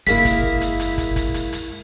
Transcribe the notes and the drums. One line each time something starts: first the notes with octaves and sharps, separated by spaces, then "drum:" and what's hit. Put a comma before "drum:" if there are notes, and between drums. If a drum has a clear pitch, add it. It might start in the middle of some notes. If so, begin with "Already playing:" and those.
F#1 G#3 A#3 E4 B6, drum: hi-hat
drum: kick, hi-hat
drum: kick
drum: hi-hat
drum: hi-hat
drum: kick, hi-hat
drum: kick, hi-hat
drum: hi-hat
drum: hi-hat